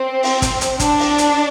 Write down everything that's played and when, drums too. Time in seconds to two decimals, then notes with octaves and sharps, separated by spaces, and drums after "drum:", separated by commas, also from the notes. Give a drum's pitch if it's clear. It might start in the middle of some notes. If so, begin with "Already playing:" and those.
Already playing: C4
0.23 drum: open hi-hat
0.42 drum: kick, hi-hat
0.61 drum: hi-hat
0.80 D4, drum: kick, hi-hat
0.99 drum: open hi-hat
1.18 drum: hi-hat